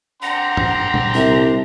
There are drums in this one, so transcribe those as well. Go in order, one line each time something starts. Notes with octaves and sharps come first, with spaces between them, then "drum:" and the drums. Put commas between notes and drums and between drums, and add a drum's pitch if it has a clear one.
D4 F#5 G5 A#5 C6
drum: tom G2
drum: tom A#2
C2 E5